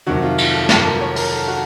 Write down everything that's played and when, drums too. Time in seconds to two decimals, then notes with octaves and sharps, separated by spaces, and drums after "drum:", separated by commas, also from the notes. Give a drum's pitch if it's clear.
0.06 F2 C3 D#3 F#3 F#4
0.22 F4
0.38 F4, drum: cymbal
0.54 A4
0.69 A4, drum: snare
0.85 A#4
1.01 C#5
1.16 A#4, drum: open hi-hat
1.32 A4
1.48 F#4